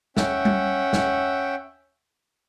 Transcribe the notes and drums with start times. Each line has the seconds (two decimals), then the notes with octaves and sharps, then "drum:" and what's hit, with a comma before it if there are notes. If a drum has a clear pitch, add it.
0.17 C#4 E5 F#5 G5, drum: snare
0.45 drum: tom G3
0.93 drum: snare